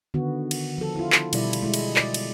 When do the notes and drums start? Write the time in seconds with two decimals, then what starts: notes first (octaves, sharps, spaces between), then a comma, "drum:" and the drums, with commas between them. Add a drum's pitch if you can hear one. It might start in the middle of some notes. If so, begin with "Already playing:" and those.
0.14 D3 D#3 B3 F#4
0.51 drum: cymbal
0.78 F3 A4
0.96 E4 F4
1.12 drum: clap
1.33 B2 G3 E4 D5, drum: cymbal
1.53 drum: cymbal
1.63 G#3 E4
1.74 drum: cymbal
1.96 D5, drum: clap
2.14 drum: cymbal